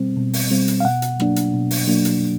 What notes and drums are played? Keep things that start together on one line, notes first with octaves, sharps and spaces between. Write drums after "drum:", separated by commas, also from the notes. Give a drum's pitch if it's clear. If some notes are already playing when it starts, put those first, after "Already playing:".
Already playing: B2 G3 C4
B2
drum: open hi-hat
G3 C4
drum: hi-hat
F5
B2 F#5
drum: hi-hat
F#3 A#3 D4, drum: rim click
drum: hi-hat
B2
drum: open hi-hat
F#3 A#3 D4
drum: hi-hat